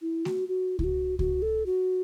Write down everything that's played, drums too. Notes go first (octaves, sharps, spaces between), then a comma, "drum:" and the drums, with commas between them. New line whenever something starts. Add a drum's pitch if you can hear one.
E4
F#4, drum: snare A3
F#4
E4, drum: kick C#2
F#4
F#4, drum: kick C#2
A4
F#4